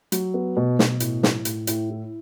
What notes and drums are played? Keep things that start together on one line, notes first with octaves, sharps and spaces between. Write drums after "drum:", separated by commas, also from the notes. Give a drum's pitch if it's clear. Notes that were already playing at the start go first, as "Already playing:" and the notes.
F#3, drum: hi-hat
B3
B2
B2, drum: snare
A2, drum: hi-hat
A2, drum: snare
A2, drum: hi-hat
A2, drum: hi-hat
E4